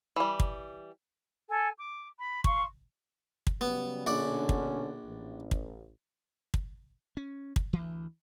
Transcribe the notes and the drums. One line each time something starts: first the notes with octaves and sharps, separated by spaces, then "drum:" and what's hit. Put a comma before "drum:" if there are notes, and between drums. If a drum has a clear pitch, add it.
E3 G3
drum: kick
A4 G#5
D6
B5
F5 C6 C#6, drum: kick
drum: kick
C#3 F#3 G3 B3
A#1 B2 D3 C#4 D5 F#5
drum: kick
A1
drum: kick
drum: kick
C#4
drum: kick
D2 E3